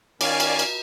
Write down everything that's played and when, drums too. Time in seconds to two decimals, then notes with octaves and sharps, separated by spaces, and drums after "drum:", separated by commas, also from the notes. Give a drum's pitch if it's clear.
0.21 D#3 C#4 D5 F5 G#5, drum: cymbal
0.40 drum: cymbal
0.59 drum: cymbal